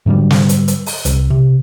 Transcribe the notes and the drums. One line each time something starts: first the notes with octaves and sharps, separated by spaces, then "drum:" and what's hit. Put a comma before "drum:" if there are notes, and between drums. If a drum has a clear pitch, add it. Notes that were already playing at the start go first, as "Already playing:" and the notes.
G#2 D3 F#3 G3
drum: snare
drum: hi-hat
drum: hi-hat
drum: open hi-hat
C2, drum: hi-hat
C3